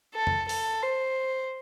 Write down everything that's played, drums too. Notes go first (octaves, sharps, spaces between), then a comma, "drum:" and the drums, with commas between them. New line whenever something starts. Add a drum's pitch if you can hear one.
A4
drum: tom F2
A4, drum: open hi-hat
C5